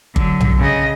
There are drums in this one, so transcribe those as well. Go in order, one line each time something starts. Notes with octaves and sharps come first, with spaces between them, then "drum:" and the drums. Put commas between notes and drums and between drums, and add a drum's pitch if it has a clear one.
D3 F#3, drum: kick G1
drum: tom B1
C#3 D#5